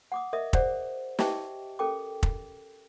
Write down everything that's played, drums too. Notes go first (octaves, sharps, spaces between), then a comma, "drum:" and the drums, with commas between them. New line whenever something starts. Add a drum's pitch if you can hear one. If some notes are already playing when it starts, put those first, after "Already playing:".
F#5 D6 D#6
A#4 D#5 E5 D#6
G#4 C5 D5 F#5, drum: kick
G4 D#5 E5 G5 A5 D6, drum: snare
C#4 A4 A#4 G5 D6
drum: kick